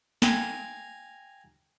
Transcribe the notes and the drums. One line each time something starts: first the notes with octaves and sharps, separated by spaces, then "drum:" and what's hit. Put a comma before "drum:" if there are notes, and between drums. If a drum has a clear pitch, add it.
F5 G5 G#5 A#5, drum: snare